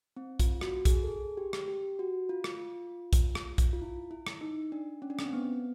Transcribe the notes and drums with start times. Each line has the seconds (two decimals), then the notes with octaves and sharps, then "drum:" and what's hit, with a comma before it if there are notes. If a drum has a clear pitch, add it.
0.17 C4
0.40 F4, drum: kick B1, hi-hat
0.61 F#4, drum: rim click
0.85 G#4, drum: kick B1, hi-hat
1.03 A4
1.08 G#4
1.37 G4
1.53 drum: rim click
1.68 G4
1.99 F#4
2.29 F4
2.44 drum: rim click
2.59 F4
3.13 drum: kick B1, hi-hat
3.35 drum: rim click
3.58 drum: kick B1, hi-hat
3.73 F4
3.82 E4
4.11 E4
4.27 drum: rim click
4.41 D#4
4.72 D4
5.02 C#4
5.10 D4
5.19 C#4, drum: rim click
5.25 C4
5.33 B3